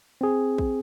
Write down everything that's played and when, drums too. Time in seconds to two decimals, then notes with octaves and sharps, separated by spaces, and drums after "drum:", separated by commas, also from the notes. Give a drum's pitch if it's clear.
0.21 C4 G#4
0.58 drum: kick